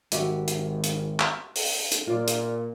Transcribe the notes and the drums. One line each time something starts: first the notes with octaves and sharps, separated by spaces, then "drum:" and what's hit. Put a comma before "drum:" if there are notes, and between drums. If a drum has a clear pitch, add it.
G#1 F#4 G4 E5, drum: hi-hat
drum: hi-hat
drum: hi-hat
drum: clap
drum: open hi-hat
drum: hi-hat
A#2 F4 D5
drum: hi-hat